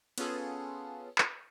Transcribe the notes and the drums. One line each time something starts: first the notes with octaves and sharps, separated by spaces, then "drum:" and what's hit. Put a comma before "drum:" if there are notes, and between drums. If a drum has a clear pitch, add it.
B3 C#4 F4 G#4 A4, drum: cymbal
drum: clap